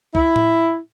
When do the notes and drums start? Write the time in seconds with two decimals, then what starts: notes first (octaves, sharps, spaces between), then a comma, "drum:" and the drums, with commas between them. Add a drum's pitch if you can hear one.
0.15 E4, drum: kick
0.36 drum: tom A2